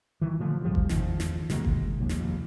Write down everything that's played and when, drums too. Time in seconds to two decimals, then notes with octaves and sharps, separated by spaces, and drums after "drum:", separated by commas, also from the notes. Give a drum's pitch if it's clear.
0.22 D#3 E3
0.40 A#2 D3 F3 A3
0.64 B1 G#2 F3 G3
0.75 drum: kick G1
0.89 E2 D#3 F3, drum: snare
1.20 drum: snare
1.50 B2 D#3 G#3 A#3, drum: snare
1.65 drum: kick G1
2.00 F1 A#1 D#2
2.09 drum: snare